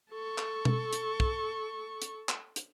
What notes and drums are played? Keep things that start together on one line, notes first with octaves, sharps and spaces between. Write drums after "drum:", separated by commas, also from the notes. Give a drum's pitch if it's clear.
A4 C#6
drum: clap
drum: tom B2
drum: hi-hat
drum: kick
drum: hi-hat
drum: clap
drum: hi-hat